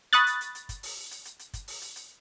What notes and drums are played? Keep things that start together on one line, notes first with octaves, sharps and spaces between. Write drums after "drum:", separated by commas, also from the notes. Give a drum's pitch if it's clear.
B5 C#6 D#6 F#6 A6, drum: hi-hat
drum: hi-hat
drum: hi-hat
drum: hi-hat
drum: kick, hi-hat
drum: open hi-hat
drum: hi-hat
drum: hi-hat
drum: hi-hat
drum: kick, hi-hat
drum: open hi-hat
drum: hi-hat
drum: hi-hat